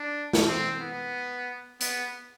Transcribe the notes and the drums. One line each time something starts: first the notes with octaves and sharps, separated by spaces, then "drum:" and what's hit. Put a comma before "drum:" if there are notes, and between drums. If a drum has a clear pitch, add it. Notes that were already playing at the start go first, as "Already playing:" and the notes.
Already playing: D4
drum: snare
C4
B3
B3, drum: hi-hat